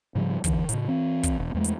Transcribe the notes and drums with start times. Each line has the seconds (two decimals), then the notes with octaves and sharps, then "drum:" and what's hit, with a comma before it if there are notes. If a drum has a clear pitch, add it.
0.15 G#2 C#3 F3 G3
0.44 E2 D3 E3, drum: kick, hi-hat
0.69 A2 C#3, drum: hi-hat
0.88 E3 C4
1.23 drum: kick, hi-hat
1.38 E1
1.55 E2 G#3 A3
1.64 drum: hi-hat